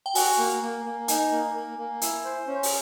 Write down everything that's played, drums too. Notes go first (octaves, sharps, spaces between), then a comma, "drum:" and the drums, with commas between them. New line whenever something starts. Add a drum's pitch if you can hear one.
G5
F#4 G#5, drum: open hi-hat
A#3
A#3
A#3
D#4 G#5, drum: hi-hat
A#3
A#3
A#3
E4, drum: hi-hat
C5
C#4
drum: open hi-hat